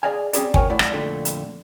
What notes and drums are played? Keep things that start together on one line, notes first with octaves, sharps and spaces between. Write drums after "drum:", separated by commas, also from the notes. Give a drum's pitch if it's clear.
G#4 D5 D#5 F5 G#5
C4 C#4 G4 G#4 D5, drum: hi-hat
F#4 A#4 B4 C#5 G5 G#5, drum: kick
A3 E4 D5 F#5
drum: rim click
F2 A#2 D3 A3
drum: hi-hat